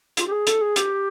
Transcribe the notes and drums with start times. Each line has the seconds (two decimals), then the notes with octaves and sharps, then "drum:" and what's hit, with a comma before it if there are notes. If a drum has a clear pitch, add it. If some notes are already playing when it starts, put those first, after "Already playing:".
0.17 F4, drum: hi-hat
0.27 G4
0.31 G#4
0.47 A4, drum: hi-hat
0.61 G#4
0.76 G4, drum: hi-hat